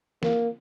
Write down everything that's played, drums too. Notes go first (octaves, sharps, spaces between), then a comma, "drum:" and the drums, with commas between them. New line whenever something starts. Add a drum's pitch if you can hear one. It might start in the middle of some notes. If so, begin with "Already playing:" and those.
A#3, drum: snare